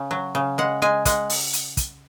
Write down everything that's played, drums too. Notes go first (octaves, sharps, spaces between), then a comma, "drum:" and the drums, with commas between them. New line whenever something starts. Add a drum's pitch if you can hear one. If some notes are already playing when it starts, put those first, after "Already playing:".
Already playing: C#3
F#3
C#3
G#3 F#5
G#3 G#5
G#3 F#5, drum: kick, hi-hat
drum: open hi-hat
drum: hi-hat
drum: kick, hi-hat